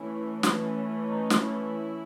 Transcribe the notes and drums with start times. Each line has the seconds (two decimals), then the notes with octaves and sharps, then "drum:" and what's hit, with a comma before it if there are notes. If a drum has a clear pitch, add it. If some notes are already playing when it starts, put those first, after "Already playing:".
Already playing: E3 A3 C#4 E4
0.43 E4, drum: snare
1.08 D#4
1.30 drum: snare
1.42 E4